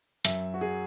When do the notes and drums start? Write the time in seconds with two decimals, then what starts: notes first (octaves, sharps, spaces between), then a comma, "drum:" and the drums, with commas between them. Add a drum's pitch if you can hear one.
0.25 F#2 E5, drum: hi-hat
0.54 F#4
0.61 F#3 G#4